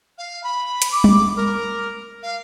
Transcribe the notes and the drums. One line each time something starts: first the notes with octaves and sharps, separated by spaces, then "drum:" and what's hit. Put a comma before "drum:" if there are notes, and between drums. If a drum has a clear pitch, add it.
F5
B5
drum: hi-hat
D6
drum: tom G3
A#4
F5